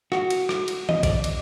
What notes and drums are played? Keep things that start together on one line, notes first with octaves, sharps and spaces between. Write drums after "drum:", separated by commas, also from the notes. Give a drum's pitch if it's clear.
F#4, drum: rim click
drum: cymbal
drum: rim click
drum: cymbal
D#5, drum: tom D#3
D5, drum: kick, cymbal
drum: cymbal